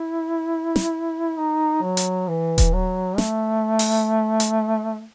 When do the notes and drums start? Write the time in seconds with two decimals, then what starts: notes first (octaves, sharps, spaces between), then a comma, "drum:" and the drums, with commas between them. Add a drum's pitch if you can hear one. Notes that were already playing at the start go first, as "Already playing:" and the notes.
Already playing: E4
0.76 drum: snare
1.37 D#4
1.82 F#3
1.97 drum: hi-hat
2.28 E3
2.58 drum: kick D#1, hi-hat
2.73 F#3
3.18 A3, drum: snare
3.79 drum: open hi-hat
4.40 drum: hi-hat